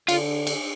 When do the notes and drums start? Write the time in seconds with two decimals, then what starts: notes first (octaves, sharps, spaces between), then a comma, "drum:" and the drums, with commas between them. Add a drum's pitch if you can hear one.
0.09 D3 F4, drum: cymbal
0.47 drum: cymbal